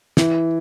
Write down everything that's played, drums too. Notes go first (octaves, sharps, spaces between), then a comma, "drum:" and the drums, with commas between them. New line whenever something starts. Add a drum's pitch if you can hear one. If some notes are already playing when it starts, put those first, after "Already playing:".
E3, drum: snare